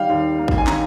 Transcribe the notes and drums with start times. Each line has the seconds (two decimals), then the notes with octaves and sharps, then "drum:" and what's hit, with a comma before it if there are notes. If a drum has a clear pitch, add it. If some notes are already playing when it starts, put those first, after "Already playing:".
Already playing: D#3 G3 F5 G5
0.10 D#2
0.39 A#3
0.48 drum: kick
0.58 G#5
0.67 D#3 A#5, drum: clap